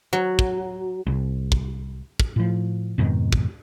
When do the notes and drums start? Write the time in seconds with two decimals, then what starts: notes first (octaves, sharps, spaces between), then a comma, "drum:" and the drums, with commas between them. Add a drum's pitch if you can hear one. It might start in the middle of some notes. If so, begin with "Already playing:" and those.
0.13 F#3
0.39 drum: kick
1.07 C2
1.52 drum: kick
2.20 drum: kick
2.36 A2 F3
2.98 F2 G#2 B2 D#3
3.33 drum: kick